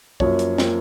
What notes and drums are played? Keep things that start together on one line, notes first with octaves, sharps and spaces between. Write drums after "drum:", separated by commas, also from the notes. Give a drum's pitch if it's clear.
F#2 F3 A#3 C#5, drum: kick
drum: hi-hat
F3 A#3, drum: snare